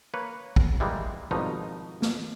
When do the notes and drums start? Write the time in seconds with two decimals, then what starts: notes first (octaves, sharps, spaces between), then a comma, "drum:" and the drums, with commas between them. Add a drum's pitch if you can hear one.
0.14 A#3 B4 C#5
0.56 drum: kick
0.80 E3 G3 G#3 A#3
1.31 G#1 G2 B2 F3 D#4
2.02 drum: snare